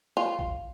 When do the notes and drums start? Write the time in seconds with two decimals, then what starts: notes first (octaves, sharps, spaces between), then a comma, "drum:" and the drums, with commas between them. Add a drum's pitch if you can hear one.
0.17 F4
0.39 drum: kick A#1